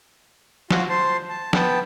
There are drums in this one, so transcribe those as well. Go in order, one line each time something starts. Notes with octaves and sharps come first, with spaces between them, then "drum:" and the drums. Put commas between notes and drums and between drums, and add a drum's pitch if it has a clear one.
F4 F#4, drum: snare
C5 A5 C6
A5
B3 G5 A5, drum: snare